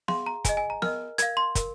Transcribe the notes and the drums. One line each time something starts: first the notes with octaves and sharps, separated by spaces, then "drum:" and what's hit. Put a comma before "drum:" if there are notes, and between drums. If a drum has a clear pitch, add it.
G#4 F5 C6, drum: snare B3
A#5
G#4 D#5 G#5, drum: kick, hi-hat
G#5
A#5
A#4 D#5 F6, drum: snare B3
A#4 F5 G#6, drum: hi-hat
C6
A#4, drum: kick, hi-hat